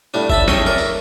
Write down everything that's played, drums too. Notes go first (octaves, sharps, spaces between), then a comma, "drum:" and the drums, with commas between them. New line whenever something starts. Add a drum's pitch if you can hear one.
A2 G3 D4
E5 A5 B5, drum: kick F#1
C#4 G#4 D#5 G5, drum: snare
A#4 D5
drum: tambourine